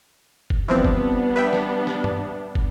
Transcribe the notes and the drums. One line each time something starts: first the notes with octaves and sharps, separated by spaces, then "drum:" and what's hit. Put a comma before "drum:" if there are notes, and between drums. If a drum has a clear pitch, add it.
drum: kick
E3 F3 G3 B3 C4 D4
drum: kick
B4 E5 G5
drum: snare
drum: snare
drum: tom G2
drum: kick